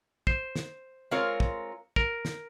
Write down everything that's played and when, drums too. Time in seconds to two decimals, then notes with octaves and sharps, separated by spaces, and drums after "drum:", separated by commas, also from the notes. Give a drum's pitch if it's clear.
0.27 C5, drum: kick
0.56 drum: snare
1.11 G#3 C4 F4 A#4 C#5
1.40 drum: kick
1.96 A#4, drum: kick
2.25 drum: snare